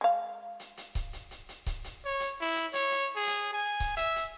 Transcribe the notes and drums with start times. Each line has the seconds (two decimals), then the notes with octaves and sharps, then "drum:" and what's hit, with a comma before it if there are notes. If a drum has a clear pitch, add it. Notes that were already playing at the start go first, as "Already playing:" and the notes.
0.01 G#3 F5
0.60 drum: hi-hat
0.77 drum: hi-hat
0.95 drum: kick C#1, hi-hat
1.13 drum: hi-hat
1.31 drum: hi-hat
1.49 drum: hi-hat
1.66 drum: kick C#1, hi-hat
1.84 drum: hi-hat
2.05 C#5
2.20 drum: hi-hat
2.41 E4
2.56 drum: hi-hat
2.73 C#5, drum: hi-hat
2.91 drum: hi-hat
3.16 G#4
3.27 drum: hi-hat
3.53 G#5
3.80 drum: kick C#1, hi-hat
3.97 E5, drum: hi-hat
4.16 drum: hi-hat